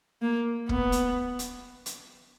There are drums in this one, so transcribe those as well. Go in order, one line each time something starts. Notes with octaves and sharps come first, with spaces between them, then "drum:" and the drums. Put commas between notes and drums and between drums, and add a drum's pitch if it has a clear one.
A#3
B3, drum: kick
drum: hi-hat
drum: hi-hat
drum: hi-hat